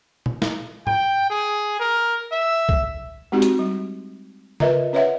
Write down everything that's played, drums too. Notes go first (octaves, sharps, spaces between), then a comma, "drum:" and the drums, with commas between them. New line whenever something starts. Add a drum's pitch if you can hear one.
drum: tom A#2
drum: snare
G5, drum: tom G#2
G#4
A#4
E5
drum: kick C2
G#3 C4 D#4 F#4 G4
drum: hi-hat
G3
F4 A#4 B4 D#5 E5 A#5, drum: tom C#3
C#4 B4 C#5 D#5 E5 F#5